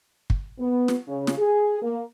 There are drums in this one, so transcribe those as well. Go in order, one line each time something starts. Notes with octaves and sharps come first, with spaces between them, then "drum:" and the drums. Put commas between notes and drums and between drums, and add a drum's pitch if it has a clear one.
drum: kick
B3
drum: snare
C#3
drum: snare
G#4
A#3